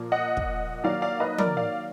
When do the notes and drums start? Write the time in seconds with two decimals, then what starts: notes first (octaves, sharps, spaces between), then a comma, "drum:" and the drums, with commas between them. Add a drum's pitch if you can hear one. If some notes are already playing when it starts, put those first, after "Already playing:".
Already playing: A#2 F3 A#3
0.12 D#5 F#5
0.37 drum: kick
0.84 D#3 F#3 A#3 D5 F5
1.02 D5 F5
1.20 B4 D#5
1.38 A#4 D5, drum: tom F3
1.57 D5 F5